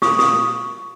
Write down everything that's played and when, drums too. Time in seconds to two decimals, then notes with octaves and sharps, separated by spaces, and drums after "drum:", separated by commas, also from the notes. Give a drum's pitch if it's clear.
0.02 F4 C#6 D#6, drum: snare
0.19 C#6 D#6, drum: snare